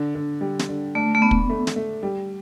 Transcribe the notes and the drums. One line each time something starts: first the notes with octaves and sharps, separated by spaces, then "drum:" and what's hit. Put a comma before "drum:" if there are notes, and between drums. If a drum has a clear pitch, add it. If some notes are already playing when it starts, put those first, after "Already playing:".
Already playing: D3
D3
G3
drum: snare
D3
A3 D4
A3
B3 D4
drum: kick
A3
drum: snare
A3
G3